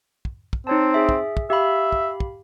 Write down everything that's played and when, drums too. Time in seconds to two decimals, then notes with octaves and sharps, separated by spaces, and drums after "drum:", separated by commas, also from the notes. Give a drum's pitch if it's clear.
0.25 drum: kick
0.53 drum: kick
0.67 C4 D#4 C#5 A5
0.94 G#4 E5
1.09 drum: kick
1.37 drum: kick
1.50 G4 E5 F5 B5
1.92 drum: kick
2.20 drum: kick